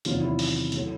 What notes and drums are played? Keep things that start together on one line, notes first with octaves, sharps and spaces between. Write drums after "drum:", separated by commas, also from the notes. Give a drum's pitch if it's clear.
E2 C3 D#3 F#3 F4, drum: hi-hat
E4
drum: open hi-hat
A2 F#3 A3, drum: hi-hat